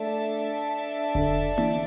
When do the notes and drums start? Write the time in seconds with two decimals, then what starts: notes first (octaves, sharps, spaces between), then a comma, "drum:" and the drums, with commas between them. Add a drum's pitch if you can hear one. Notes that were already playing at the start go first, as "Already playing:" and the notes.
Already playing: A3 D4 A4 E5 A5
1.15 D3, drum: kick F1
1.58 E3, drum: tom A#3